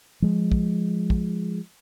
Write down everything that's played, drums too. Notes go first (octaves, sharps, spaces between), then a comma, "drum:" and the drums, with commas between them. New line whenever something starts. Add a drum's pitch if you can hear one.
F3 G#3
drum: kick
drum: kick